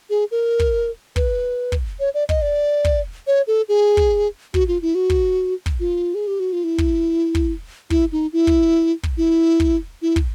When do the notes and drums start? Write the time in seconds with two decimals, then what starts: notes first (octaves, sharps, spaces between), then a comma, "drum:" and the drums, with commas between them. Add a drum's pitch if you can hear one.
0.10 G#4
0.31 A#4
0.59 drum: kick
1.16 B4, drum: kick
1.72 drum: kick
2.00 C#5
2.14 D5
2.29 D#5, drum: kick
2.42 D5
2.85 drum: kick
3.27 C#5
3.47 A4
3.69 G#4
3.97 drum: kick
4.54 F#4, drum: kick
4.68 F4
4.82 E4
4.95 F#4
5.10 drum: kick
5.66 drum: kick
5.80 F4
6.15 G#4
6.27 G4
6.40 F#4
6.53 F4
6.64 E4
6.78 drum: kick
7.35 drum: kick
7.90 E4, drum: kick
8.12 D#4
8.33 E4
8.47 drum: kick
9.03 drum: kick
9.17 E4
9.60 drum: kick
10.02 E4
10.16 drum: kick